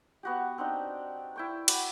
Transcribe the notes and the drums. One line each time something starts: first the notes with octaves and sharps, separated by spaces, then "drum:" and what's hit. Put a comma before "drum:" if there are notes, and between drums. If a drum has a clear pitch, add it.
B3 F#4 G4
C4 D4 D#4
E4 G5 C#6
F#4 B5 D6, drum: cymbal